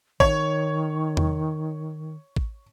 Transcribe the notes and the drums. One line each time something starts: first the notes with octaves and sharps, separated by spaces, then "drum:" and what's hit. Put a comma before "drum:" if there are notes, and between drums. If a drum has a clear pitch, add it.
D#3 C#5, drum: kick A1
drum: tom E2
drum: kick A1